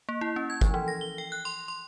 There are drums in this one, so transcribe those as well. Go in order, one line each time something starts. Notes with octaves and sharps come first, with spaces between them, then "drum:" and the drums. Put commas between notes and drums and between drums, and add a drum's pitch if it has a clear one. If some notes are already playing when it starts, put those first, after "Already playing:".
A#3
E4
C#4
G#6
F3, drum: kick G1, hi-hat
E3
A#6
G7
G5
F#6
C6
C6